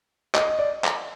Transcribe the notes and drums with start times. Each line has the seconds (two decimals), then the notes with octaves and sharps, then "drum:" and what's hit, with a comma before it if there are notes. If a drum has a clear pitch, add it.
0.35 D#5, drum: clap
0.47 D#5
0.59 D5
0.84 drum: clap